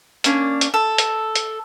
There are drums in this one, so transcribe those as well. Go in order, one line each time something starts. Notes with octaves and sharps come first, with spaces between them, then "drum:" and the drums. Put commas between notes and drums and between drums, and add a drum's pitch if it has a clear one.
A#3 C#4 D4, drum: hi-hat
drum: hi-hat
A4
drum: hi-hat
drum: hi-hat